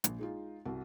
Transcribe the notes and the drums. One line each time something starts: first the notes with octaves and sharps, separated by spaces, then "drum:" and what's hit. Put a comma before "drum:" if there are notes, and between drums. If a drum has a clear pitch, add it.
A#1, drum: hi-hat
G#3 D#4 F4
C2 F#4